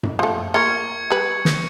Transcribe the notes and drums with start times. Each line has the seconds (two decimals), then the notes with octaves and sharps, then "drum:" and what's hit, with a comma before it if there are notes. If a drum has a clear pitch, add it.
0.03 drum: tom F#2
0.19 F3 A3
0.54 A#3 F4 C#6 G#6 C#7
1.10 G3 B4
1.45 drum: snare